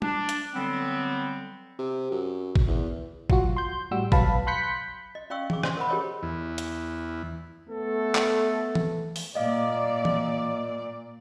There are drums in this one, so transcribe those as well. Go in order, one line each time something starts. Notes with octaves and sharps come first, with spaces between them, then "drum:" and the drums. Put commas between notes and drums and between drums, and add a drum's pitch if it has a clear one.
D4, drum: tom
drum: hi-hat
D3 F#3 G3 B3 C4
C3
F#2
drum: kick
E2
F#3 F4 F#4, drum: kick
C6 G6
A2 G3 F#4 E6
B1 F#3 B4 F5 A5 B5, drum: kick
B5 C6 F#6 G6 B6 C#7
D#5
C#4 D5 F5 G5 C#6 E6
G#4 D6, drum: tom E3
C5 D5 D#5 C6, drum: rim click
A#4 F#5 B5
G4 G#4 A#4 C#5 D#5 G#5
E2
drum: hi-hat
A3 B3 A4
drum: clap
drum: tom E3
drum: open hi-hat
A#2 D5 D#5 F5
drum: tom E3